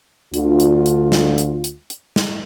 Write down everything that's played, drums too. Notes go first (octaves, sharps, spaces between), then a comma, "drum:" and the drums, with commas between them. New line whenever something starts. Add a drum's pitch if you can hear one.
D2 D3 F4, drum: hi-hat
drum: hi-hat
drum: hi-hat
drum: snare
drum: hi-hat
drum: hi-hat
drum: hi-hat
drum: snare